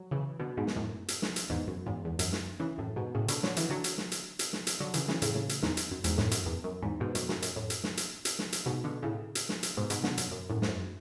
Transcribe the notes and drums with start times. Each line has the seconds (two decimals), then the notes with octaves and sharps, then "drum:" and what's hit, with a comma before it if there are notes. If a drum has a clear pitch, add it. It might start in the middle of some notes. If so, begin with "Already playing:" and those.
Already playing: F#3
0.11 C#3 E3
0.39 B2 D3
0.57 G#2 B2
0.67 drum: snare
0.76 F#2 A2
1.08 drum: hi-hat
1.22 drum: snare
1.36 drum: hi-hat
1.50 E2 G#2
1.68 F#2
1.86 E2 G#2
2.05 E2
2.19 F#2, drum: hi-hat
2.32 drum: snare
2.60 C#3 E3
2.78 F#2 A2
2.96 G#2 B2
3.15 A2 C#3
3.28 B2 D3, drum: hi-hat
3.43 D3 F#3, drum: snare
3.57 C#3 E3, drum: hi-hat
3.70 D3 F#3
3.84 drum: hi-hat
3.98 drum: snare
4.12 drum: hi-hat
4.39 drum: hi-hat
4.53 drum: snare
4.67 drum: hi-hat
4.80 D3 F#3
4.94 C#3 E3, drum: hi-hat
5.08 C#3 E3, drum: snare
5.22 A2 C#3, drum: hi-hat
5.35 A2 C#3
5.49 drum: hi-hat
5.63 E2 G#2, drum: snare
5.77 drum: hi-hat
5.91 F#2
6.04 E2 G#2, drum: hi-hat
6.18 F#2 A2, drum: snare
6.31 F#2, drum: hi-hat
6.46 E2
6.64 F#2
6.82 E2 G#2
7.00 G#2 B2
7.15 F#2 A2, drum: hi-hat
7.29 F#2, drum: snare
7.42 F#2, drum: hi-hat
7.56 F#2 A2
7.70 drum: hi-hat
7.84 drum: snare
7.97 drum: hi-hat
8.25 drum: hi-hat
8.39 drum: snare
8.53 drum: hi-hat
8.66 G#2 B2
8.84 B2 D3
9.02 A2 C#3
9.35 drum: hi-hat
9.49 drum: snare
9.63 drum: hi-hat
9.77 G#2 B2
9.90 G#2 B2, drum: hi-hat
10.04 B2 D3, drum: snare
10.17 F#2, drum: hi-hat
10.31 F#2
10.49 F#2 A2
10.62 G#2, drum: snare
10.68 F#2